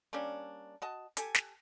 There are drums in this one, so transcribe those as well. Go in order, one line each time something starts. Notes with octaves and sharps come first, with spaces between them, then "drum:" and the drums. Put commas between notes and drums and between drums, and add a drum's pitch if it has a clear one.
G3 A#3 C#4 D4
F#4 D#5 A5
G4 A4 G#5, drum: hi-hat
drum: snare